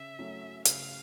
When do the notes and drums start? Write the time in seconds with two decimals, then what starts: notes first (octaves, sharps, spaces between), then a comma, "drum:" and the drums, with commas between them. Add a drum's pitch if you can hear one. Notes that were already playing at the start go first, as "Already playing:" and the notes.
Already playing: C#3 E5
0.19 F#3 A3 C#4
0.65 C#3 F5, drum: hi-hat